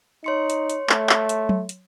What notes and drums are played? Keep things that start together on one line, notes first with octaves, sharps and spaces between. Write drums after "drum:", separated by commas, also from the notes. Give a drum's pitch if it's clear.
D#4 C#5 C6 C#7
drum: hi-hat
drum: hi-hat
A3, drum: clap
drum: clap
drum: hi-hat
drum: tom F#3
drum: hi-hat